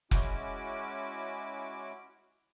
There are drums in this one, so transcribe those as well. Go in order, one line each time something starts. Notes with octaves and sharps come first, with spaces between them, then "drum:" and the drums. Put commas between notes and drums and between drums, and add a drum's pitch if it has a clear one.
G#3 C#4 E4 F#4 D6, drum: kick F1